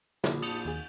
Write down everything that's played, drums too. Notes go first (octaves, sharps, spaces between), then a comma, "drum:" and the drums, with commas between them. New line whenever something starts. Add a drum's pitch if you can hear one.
A#1 D3 E4 F#4, drum: snare
A5 D#6 C#7, drum: cymbal
D#2 G#4